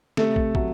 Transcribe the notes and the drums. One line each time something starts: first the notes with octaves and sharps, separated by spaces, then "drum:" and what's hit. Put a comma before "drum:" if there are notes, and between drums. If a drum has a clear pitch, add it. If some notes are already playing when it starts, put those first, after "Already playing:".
C3 A3 A4, drum: snare
drum: kick
F#3 A3, drum: kick